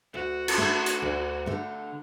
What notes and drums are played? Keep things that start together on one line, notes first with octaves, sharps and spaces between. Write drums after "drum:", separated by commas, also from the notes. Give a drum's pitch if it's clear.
D2 F#4
drum: cymbal
D3 A3
drum: hi-hat
D2
D3 A3